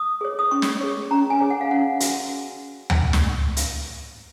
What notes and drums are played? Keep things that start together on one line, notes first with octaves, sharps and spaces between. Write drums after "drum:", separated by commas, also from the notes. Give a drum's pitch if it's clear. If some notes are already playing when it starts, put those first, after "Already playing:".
Already playing: D#6
G#4 C#5
D#6
C#4 C#6
drum: snare
G#4 C#5
C#4 A#5
G#5
G#4 C#5
F#5
F5
C#4 F#5
F#4, drum: hi-hat
drum: tom D2
drum: snare
drum: hi-hat